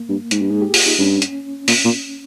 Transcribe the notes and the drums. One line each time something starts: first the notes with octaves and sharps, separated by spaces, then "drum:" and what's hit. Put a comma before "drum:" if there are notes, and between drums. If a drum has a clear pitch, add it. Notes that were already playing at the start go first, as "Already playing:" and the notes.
Already playing: A#3
G2
G#2, drum: hi-hat
G2
G#2 G#4
G4
F4, drum: open hi-hat
D#4
G2 C#4
drum: hi-hat
A#2, drum: open hi-hat
A#2